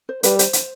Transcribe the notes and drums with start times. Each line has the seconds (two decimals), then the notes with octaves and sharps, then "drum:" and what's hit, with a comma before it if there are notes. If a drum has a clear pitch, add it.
0.09 C5
0.23 G3 B4, drum: hi-hat
0.39 C5, drum: hi-hat
0.53 drum: hi-hat